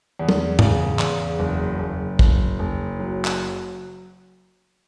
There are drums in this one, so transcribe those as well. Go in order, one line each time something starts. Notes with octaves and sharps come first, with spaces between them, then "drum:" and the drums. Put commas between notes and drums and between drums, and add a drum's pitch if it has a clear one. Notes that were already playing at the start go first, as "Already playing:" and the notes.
E2
drum: tom
C#3, drum: tom
E2, drum: clap
F#1
F#1
F#1, drum: kick
F#1
F#3
drum: clap